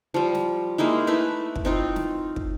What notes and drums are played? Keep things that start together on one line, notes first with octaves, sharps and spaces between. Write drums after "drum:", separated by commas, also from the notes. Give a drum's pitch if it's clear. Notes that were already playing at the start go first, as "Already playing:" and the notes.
F3 G3
drum: snare
G#3 A#3 D#4 E4
A3 E4 B4
drum: kick
C4 D#4 F4
drum: snare
drum: kick